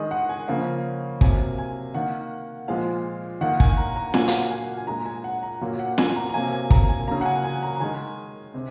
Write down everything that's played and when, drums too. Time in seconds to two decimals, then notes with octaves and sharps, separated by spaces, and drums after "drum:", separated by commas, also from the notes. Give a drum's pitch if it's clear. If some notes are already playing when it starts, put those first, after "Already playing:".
Already playing: D#3 G#3 D#5
0.11 F#5
0.29 G#5
0.48 C#3 F3 A#3
1.21 C3 F#3 A#3 G#5, drum: kick
1.58 G#5
1.94 D#3 A#3 F#5
2.68 A#2 F3 G#3 F5
3.41 D#3 A#3 F#5
3.60 G#5, drum: kick
3.77 A#5
3.96 A#5
4.14 A#2 F#3 A#3 G#5, drum: snare
4.28 F5, drum: hi-hat
4.32 F#5
4.51 G#5
4.78 G#5
4.87 A#2 G#3 A#5
5.05 G#5
5.24 F#5
5.43 A#5
5.61 A#2 F#3 A#3
5.79 F#5
5.98 G#5, drum: snare
6.16 A#5
6.29 A#5
6.34 C3 F#3 A#3 G#5
6.53 G#5
6.70 A#5, drum: kick
6.89 G#5
7.07 C#3 F#3 A#3 A#5
7.21 F#5
7.25 G#5
7.44 G#5
7.63 A#5
7.75 A#5
7.80 D#3 G#3 G#5
8.54 C3